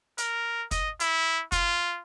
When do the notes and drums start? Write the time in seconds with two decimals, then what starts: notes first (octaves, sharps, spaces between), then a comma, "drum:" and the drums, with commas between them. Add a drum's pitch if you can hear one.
0.18 A#4, drum: hi-hat
0.71 D#5, drum: kick, hi-hat
1.00 E4, drum: hi-hat
1.52 F4, drum: kick, hi-hat